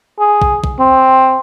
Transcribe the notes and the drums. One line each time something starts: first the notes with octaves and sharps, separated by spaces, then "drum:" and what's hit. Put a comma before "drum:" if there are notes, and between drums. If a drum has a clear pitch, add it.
G#4
drum: kick
drum: kick
C4